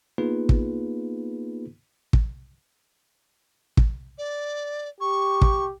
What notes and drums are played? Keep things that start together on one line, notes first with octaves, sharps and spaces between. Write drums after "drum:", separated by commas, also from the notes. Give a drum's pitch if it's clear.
A#3 B3 D#4 F4 G#4 B4
drum: kick
drum: kick
drum: kick
D5
G4 C#6
drum: kick